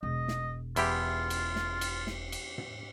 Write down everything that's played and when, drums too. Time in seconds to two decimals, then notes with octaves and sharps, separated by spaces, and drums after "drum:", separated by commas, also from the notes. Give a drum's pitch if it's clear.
0.03 E1 D#5
0.28 drum: snare
0.76 E2 E4 F4 G4, drum: cymbal
1.30 drum: cymbal
1.56 drum: snare
1.81 drum: cymbal
2.07 drum: snare
2.32 drum: cymbal
2.58 drum: tom